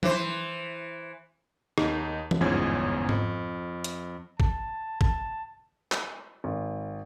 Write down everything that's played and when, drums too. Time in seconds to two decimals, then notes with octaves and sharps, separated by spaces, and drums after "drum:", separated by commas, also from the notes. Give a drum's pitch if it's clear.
0.03 E3 C5, drum: tom F3
1.78 D#2 D#4, drum: rim click
2.31 drum: tom E3
2.41 G1 E2 G#2 F3 C#4 G#6
3.09 F2, drum: tom G#2
3.84 drum: hi-hat
4.40 A5, drum: kick G#1
5.01 A5, drum: kick G#1
5.92 drum: clap
6.44 G#1